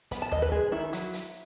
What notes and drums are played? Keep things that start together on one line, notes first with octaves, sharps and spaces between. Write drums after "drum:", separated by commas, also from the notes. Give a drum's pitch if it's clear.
B3 B5, drum: kick, hi-hat
A5
E3 D#5, drum: tom D#2
B4
G#3 G#4, drum: kick
D#3 E4
F#3, drum: hi-hat
drum: hi-hat